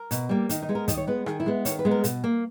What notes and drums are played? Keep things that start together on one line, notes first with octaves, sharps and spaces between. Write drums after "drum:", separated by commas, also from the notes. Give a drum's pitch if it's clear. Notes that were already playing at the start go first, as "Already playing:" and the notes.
Already playing: A#4
B2, drum: hi-hat
G3 A#3
D#3 D#4, drum: hi-hat
D#4
G#3 B3
A#4
D#3 D#5, drum: kick, hi-hat
C#5
G#3 B3 B4
D#3 G#4, drum: rim click
E4
G#3 B3
D#3 C#5, drum: hi-hat
B4
G#3 B3
A#4
B2, drum: hi-hat
A#3